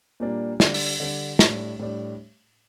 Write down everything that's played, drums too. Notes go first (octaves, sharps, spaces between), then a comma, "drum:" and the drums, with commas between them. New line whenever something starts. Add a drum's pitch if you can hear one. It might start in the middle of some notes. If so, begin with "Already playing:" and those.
A#2 G3 A#3 D4
D3 G3 D4, drum: snare
drum: open hi-hat
D3 G3 D4
A2 G3 D4, drum: snare
A2 G3 D4